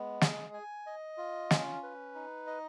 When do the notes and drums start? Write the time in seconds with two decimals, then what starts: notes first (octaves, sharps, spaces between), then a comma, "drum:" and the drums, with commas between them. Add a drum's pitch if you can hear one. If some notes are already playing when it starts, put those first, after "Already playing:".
Already playing: G#3 B3
0.21 G#4, drum: snare
0.54 G#5
0.87 D#5
1.18 F4
1.51 C#4, drum: snare
1.83 B4
2.15 D#4
2.47 D#5